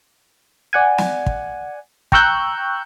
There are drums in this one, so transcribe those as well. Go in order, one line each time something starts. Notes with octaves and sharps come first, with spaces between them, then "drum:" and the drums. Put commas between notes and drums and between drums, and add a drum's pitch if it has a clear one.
D5 F#5 G#5
drum: snare
drum: kick
G5 A#5 C#6 E6 F#6 G6, drum: kick